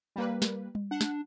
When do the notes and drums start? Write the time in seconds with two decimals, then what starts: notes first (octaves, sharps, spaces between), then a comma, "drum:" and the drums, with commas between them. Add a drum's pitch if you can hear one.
0.16 G3 A#3 B4
0.42 drum: snare
0.75 drum: tom G3
0.91 D4 F#5
1.01 drum: snare